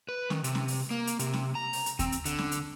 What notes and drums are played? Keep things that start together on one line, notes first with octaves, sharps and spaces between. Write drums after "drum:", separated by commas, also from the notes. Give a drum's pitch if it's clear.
B4
D#3, drum: snare C#4
C3, drum: hi-hat
drum: snare C#4
drum: open hi-hat
A#3
drum: hi-hat
C3, drum: hi-hat
drum: snare C#4
A#5
drum: open hi-hat
drum: hi-hat
C4, drum: kick D#2, hi-hat
drum: hi-hat
D3, drum: hi-hat
drum: snare C#4
drum: hi-hat